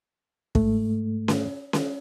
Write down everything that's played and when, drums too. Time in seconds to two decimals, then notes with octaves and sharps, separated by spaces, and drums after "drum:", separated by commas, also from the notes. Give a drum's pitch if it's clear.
0.55 G#2 A3, drum: kick
1.28 drum: snare C#4
1.73 drum: snare C#4